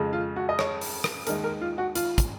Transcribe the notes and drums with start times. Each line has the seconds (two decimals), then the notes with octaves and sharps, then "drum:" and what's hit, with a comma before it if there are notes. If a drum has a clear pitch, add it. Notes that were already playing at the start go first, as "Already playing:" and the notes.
Already playing: F2 C#3 G#3
0.13 F4
0.36 F#4
0.49 D#5
0.59 C#5, drum: rim click
0.81 drum: open hi-hat
1.04 drum: rim click
1.27 D#2 D#3 G#3 A#4, drum: hi-hat
1.44 A#4
1.61 F4
1.78 F#4
1.95 F4, drum: hi-hat
2.18 drum: kick, hi-hat